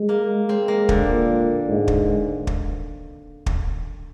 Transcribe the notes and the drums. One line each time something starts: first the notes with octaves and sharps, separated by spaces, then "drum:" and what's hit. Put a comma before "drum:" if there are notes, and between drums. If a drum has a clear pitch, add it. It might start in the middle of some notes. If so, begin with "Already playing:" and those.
Already playing: G#3
A#3
G#3 C4
A#3
D3, drum: kick
A#2
G#2
drum: kick
drum: kick
drum: kick